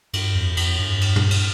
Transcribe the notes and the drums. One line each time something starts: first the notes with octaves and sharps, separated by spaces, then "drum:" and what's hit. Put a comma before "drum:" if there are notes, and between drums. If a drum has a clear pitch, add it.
G2, drum: cymbal
F2
F2, drum: cymbal
G2
drum: cymbal
drum: tom
drum: cymbal